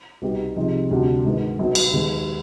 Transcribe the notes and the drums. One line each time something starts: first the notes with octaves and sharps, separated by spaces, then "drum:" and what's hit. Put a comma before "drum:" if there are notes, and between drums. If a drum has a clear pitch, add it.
C2 B2 B3 D#4 G4
C3 F3 C4 D#4 G#4
D2 C3 G3 D4 G4
G#2 D#3 B3
B1 B2 B3
drum: cymbal
D#2 D#3 G#3 B3